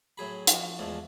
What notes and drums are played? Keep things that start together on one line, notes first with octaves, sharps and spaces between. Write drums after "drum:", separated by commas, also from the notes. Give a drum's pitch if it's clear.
A2 F#3 G#4 B5
F3 F#4, drum: hi-hat
E2 G#2 F3 A3